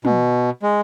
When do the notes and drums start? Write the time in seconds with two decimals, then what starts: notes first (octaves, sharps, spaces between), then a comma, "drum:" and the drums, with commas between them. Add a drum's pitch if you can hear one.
0.05 B2, drum: tom
0.63 G#3